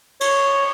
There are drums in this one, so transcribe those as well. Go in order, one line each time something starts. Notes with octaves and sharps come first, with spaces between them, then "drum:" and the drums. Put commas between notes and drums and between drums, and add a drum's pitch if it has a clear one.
C#5, drum: cymbal